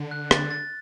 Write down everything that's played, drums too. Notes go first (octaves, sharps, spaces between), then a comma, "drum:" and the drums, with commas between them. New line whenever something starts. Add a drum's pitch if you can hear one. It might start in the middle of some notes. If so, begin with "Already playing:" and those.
Already playing: D3
F#6
A6, drum: rim click
A6